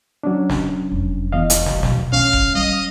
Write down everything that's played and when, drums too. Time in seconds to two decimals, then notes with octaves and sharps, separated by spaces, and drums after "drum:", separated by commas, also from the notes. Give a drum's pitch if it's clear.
0.23 F#3 C#4 D4
0.50 drum: snare
0.92 F1
1.32 E2 D#5 F5
1.50 drum: hi-hat
1.66 drum: snare
1.83 B2 F4, drum: snare
2.12 D#3 A3 C#4 F5
2.33 drum: kick F1
2.55 G3 D#5